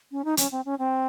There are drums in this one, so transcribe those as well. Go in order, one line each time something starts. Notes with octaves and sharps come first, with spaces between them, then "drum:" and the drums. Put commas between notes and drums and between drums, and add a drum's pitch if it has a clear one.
C#4
D#4
C#4, drum: hi-hat
C4
C#4
C4